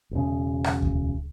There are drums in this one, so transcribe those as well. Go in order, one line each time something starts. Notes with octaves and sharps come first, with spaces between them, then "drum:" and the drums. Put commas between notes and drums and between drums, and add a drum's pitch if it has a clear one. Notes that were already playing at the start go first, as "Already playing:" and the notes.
E1 C#3
drum: rim click
drum: kick D2